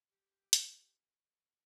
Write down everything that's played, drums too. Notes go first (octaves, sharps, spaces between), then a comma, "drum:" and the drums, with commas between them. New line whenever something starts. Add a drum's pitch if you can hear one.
G4
drum: hi-hat